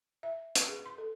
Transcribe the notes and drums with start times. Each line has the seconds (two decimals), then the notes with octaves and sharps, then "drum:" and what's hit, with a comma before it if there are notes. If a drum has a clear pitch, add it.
0.23 E5
0.55 B4, drum: hi-hat
0.69 G#4
0.86 C6
0.98 A4